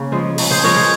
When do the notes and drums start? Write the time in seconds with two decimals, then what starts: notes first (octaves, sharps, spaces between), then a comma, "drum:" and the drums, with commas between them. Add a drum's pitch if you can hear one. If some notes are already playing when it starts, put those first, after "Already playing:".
Already playing: C#3 A#3
0.12 F3 G#3
0.38 C#3, drum: open hi-hat
0.51 G#4 C5
0.63 F3 G#3 A#4 C#5
0.77 G#4 C5